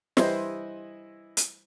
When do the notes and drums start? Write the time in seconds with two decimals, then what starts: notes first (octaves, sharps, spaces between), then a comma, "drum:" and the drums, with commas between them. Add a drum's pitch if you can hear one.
0.17 E3 G3 E4 C5 D#5, drum: snare
1.37 drum: hi-hat